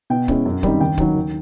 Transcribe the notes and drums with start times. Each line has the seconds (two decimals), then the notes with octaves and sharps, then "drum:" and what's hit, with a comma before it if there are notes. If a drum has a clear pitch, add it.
0.10 B2 G5
0.28 G#3 C#4 E4, drum: kick
0.45 F#2
0.63 D#3 G3 C4 D#4, drum: kick
0.80 D#2 G5
0.98 D#3 F#3, drum: kick
1.15 D#2